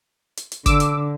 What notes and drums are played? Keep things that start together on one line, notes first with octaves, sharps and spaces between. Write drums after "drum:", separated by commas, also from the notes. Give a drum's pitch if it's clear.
drum: hi-hat
drum: hi-hat
D3 D6 E6, drum: kick G1, hi-hat
drum: hi-hat